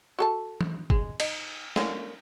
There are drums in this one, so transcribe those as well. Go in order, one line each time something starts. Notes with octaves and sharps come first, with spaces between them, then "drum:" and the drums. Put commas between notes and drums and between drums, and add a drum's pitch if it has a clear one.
F#4 A4 A5
drum: tom
G#3, drum: kick
D#4, drum: cymbal
D3 A#3 C#4, drum: snare